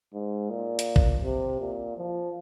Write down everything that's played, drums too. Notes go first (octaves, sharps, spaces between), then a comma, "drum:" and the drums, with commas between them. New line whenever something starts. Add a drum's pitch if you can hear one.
G#2
A#2
drum: hi-hat
drum: kick A#1
C3
A#2
F3